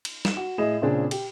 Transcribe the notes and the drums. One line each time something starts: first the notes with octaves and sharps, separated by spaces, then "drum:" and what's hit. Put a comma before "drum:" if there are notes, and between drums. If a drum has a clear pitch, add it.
drum: cymbal
E7, drum: snare
F#4
A2 G#4 D#5 E7
A#2 C#3 C4 D4 G#4
G4, drum: cymbal